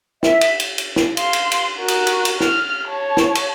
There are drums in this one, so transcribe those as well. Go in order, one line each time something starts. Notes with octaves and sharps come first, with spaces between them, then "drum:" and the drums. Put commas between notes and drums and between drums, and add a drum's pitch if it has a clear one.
E5, drum: snare
drum: cymbal
drum: cymbal
drum: cymbal
drum: snare
F5 C6, drum: cymbal
drum: cymbal
drum: cymbal
F#4 A#4
drum: cymbal
drum: cymbal
drum: cymbal
F6, drum: snare
C#5 A5
drum: snare
drum: cymbal